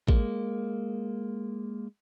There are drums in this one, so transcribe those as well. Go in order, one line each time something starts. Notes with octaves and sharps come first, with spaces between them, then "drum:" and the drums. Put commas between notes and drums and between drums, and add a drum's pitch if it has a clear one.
G#3 A#3, drum: kick